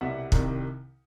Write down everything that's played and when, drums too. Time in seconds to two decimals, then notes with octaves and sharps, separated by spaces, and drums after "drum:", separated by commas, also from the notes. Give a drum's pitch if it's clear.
0.01 C2 B2 G3 E5 F#5
0.32 C2 C3 D#3 G3, drum: kick